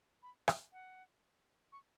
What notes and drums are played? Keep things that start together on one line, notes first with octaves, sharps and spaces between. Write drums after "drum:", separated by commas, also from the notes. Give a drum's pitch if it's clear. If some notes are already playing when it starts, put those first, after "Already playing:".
B5
drum: rim click
F#5
C#6